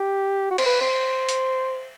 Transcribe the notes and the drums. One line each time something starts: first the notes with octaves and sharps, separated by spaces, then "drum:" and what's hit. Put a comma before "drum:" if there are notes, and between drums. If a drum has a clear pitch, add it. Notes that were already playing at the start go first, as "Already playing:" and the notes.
Already playing: G4
F#4
C5, drum: cymbal
B4
C5
drum: hi-hat